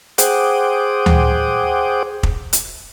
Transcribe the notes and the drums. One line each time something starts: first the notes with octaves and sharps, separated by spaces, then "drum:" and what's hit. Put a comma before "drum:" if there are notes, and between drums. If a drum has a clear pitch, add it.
G#4 C5 F#5 G5 D6 D#6, drum: hi-hat
drum: tom D2
drum: kick
drum: hi-hat